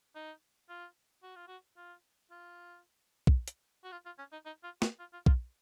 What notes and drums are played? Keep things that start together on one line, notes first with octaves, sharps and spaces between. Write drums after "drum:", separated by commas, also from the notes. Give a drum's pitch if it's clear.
D#4
F4
F#4
F4
F#4
F4
F4
drum: kick
drum: hi-hat
F#4
F4
F4
C#4
D#4
D#4
F4
F#4, drum: snare
F4
F4
F4, drum: kick